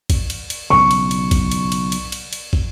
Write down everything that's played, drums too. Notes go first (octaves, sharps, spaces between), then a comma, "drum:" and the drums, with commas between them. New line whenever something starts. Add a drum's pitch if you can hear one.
drum: kick, cymbal
drum: cymbal
drum: cymbal
B1 C#3 C#6
drum: cymbal
drum: cymbal
drum: kick, cymbal
drum: cymbal
drum: cymbal
drum: cymbal
drum: cymbal
drum: cymbal
drum: kick